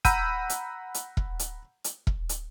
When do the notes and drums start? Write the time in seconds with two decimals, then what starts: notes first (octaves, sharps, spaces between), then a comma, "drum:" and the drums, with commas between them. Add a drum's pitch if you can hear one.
0.05 F#5 A#5 B5 E6 G6 D#7, drum: kick E1, hi-hat
0.50 drum: hi-hat
0.94 drum: hi-hat
1.17 drum: kick E1
1.39 drum: hi-hat
1.84 drum: hi-hat
2.07 drum: kick E1
2.29 drum: hi-hat